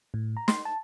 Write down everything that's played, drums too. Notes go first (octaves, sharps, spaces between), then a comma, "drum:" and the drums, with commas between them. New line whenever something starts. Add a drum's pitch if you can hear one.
A2
A#5
C6, drum: snare
A5